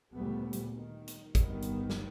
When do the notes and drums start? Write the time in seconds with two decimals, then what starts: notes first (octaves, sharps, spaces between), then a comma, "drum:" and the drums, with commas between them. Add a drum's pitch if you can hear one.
0.13 D2 A#2 C#3 G3 A3 B3
0.53 drum: hi-hat
0.73 D#3
1.08 drum: hi-hat
1.35 G1 C2 D#3 B3, drum: kick G#1, hi-hat
1.62 drum: hi-hat
1.90 drum: snare